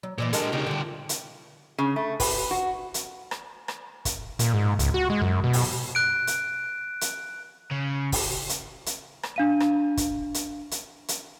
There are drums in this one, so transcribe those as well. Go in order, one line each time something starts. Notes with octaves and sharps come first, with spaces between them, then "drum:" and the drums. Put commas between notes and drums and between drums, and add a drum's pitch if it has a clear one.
F#3
A#2 E3 D5 D#5
G#3 D4 G4 A4 A#4, drum: hi-hat
C#3 C#4 D#4 F4 G4
D3 G3
drum: hi-hat
C#3
A3
B4, drum: kick, open hi-hat
F#4
drum: hi-hat
drum: rim click
drum: rim click
drum: kick, hi-hat
A#2, drum: hi-hat
G#2
C#2, drum: hi-hat
F#4
G#3
F#2
B2
drum: open hi-hat
F#6 D7
drum: hi-hat
drum: hi-hat
C#3
drum: kick, open hi-hat
drum: hi-hat
drum: hi-hat
drum: rim click
D4 F5 D#7
drum: rim click
drum: kick, hi-hat
drum: hi-hat
drum: hi-hat
drum: hi-hat